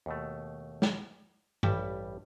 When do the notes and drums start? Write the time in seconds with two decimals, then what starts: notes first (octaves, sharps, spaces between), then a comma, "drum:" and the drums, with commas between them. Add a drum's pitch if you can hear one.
0.06 D#2 B2 A3
0.82 drum: snare
1.63 A1 G2 G3 E5, drum: tom G2